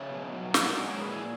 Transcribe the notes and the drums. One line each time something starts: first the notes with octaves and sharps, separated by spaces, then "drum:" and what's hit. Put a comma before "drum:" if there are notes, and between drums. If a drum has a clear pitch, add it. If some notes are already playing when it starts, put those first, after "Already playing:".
Already playing: C#3 C#5 E5
B2
F#3
A#2 D#4 F#4, drum: snare
F#4 A#4
G#3
A#4 C#5
A#2 G#4 B4
E4 G#4